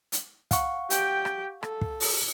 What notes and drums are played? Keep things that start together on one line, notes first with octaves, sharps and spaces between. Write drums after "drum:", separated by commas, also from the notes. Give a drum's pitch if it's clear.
drum: hi-hat
F5 F#5 C#6, drum: kick, hi-hat
G4 G5, drum: hi-hat
drum: rim click
A4, drum: rim click
drum: kick
drum: open hi-hat